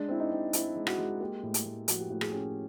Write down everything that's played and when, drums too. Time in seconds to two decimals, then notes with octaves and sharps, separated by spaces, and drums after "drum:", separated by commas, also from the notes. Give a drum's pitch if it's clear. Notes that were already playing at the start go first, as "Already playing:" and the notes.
Already playing: G#3 D4
0.09 C4 E4
0.19 D#4
0.31 C4
0.53 C4 E4, drum: hi-hat
0.76 G#3
0.87 F#4, drum: rim click
0.98 G#3
1.20 A#3 G4
1.43 A2
1.54 drum: hi-hat
1.65 A2
1.88 F3 F#4, drum: hi-hat
2.00 G4
2.10 A2 F#4
2.21 G#4, drum: rim click
2.32 C#4 G4